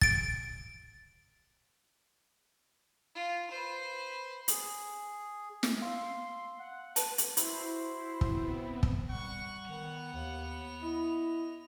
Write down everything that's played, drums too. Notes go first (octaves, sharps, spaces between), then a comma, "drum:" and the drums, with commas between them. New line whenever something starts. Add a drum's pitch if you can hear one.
A6 D7, drum: kick
F4
B4 C5
G#4, drum: hi-hat
drum: snare
F5 C6 E6
F#5
B4 A5, drum: hi-hat
drum: hi-hat
E4 F#4 C5, drum: hi-hat
B3 C4, drum: kick
drum: kick
G3 F#5 C#6
D#3 B3 F7
D#2
E4 D#5